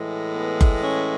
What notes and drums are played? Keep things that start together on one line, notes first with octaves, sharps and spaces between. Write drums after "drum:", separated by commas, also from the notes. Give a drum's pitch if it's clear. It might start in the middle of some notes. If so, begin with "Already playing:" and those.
Already playing: A2 E3 G#3
B3
drum: kick F#1
C#4